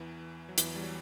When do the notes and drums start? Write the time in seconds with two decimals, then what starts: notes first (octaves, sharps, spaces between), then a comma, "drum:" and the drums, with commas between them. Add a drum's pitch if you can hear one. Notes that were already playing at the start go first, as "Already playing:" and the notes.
Already playing: E2 E3
0.49 F#3
0.58 E2 E3, drum: hi-hat
0.75 G3
0.81 F#3